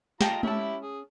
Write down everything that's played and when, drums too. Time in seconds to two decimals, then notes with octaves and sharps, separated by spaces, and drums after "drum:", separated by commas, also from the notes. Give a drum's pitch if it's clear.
0.21 F4 D#5 G5 A5 A#5, drum: snare
0.43 C#4 E4 G4 E5 A5, drum: tom G#3
0.82 G#4